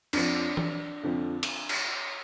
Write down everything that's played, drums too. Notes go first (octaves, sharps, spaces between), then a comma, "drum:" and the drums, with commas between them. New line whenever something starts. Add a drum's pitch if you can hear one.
F2 F3 D4, drum: cymbal
drum: tom
F2 D3 F3
drum: cymbal
drum: cymbal